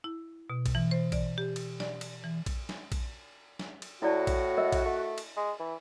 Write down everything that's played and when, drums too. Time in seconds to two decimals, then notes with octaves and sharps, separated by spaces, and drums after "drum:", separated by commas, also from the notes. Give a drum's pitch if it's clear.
0.04 E4
0.50 B2
0.66 drum: kick A#1, cymbal
0.75 E3
0.91 C5
1.12 D5, drum: kick A#1, cymbal
1.38 G4
1.56 drum: cymbal
1.80 D5, drum: snare
2.01 drum: cymbal
2.24 E3
2.46 drum: kick A#1, cymbal
2.69 drum: snare
2.92 drum: kick A#1, cymbal
3.59 drum: snare
3.82 drum: cymbal
4.02 A2 E4 F#4 D5 A5
4.27 drum: kick A#1, cymbal
4.58 A#4 D#5 E5
4.72 drum: kick A#1, cymbal
4.85 A3
5.18 drum: cymbal
5.36 G#3
5.59 E3